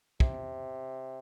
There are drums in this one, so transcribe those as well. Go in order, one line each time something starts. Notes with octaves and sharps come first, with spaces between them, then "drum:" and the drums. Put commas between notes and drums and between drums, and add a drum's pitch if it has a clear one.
C3, drum: kick